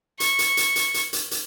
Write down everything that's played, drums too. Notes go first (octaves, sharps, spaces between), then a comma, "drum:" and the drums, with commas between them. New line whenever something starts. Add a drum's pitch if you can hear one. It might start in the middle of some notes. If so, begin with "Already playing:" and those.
C#6, drum: hi-hat
drum: hi-hat
drum: hi-hat
drum: hi-hat
drum: hi-hat
drum: hi-hat
drum: hi-hat